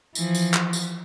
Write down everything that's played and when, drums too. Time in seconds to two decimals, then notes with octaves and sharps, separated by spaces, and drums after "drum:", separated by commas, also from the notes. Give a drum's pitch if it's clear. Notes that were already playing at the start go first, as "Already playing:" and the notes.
0.15 E3 F3, drum: tambourine
0.35 drum: tambourine
0.54 drum: clap
0.73 drum: tambourine